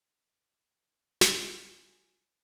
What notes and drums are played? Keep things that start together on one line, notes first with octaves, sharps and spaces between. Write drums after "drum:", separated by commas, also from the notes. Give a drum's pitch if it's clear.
F4 G#5, drum: snare